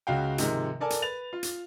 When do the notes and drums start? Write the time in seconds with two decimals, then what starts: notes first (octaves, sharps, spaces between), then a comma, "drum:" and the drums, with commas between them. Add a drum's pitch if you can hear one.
0.07 C#2 C#3 F#4 F5 G5
0.38 G#2 C3 D#3 F3 G#3, drum: hi-hat
0.80 A4 A#4 D5 G#5 A5
0.90 drum: hi-hat
1.02 B4 A6 F7
1.33 F4
1.43 drum: hi-hat